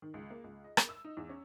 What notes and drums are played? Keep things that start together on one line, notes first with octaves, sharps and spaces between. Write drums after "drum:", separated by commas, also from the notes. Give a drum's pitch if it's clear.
D#3
C#2
A#3
C#2
D#5
A#4, drum: rim click
E6
D#4
E2
C#4